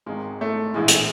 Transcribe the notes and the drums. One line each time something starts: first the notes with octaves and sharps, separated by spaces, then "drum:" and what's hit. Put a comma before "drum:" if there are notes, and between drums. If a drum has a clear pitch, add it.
G#1 G#2 D#3 G#3
A3
A#1 A2 E3 G#3
drum: hi-hat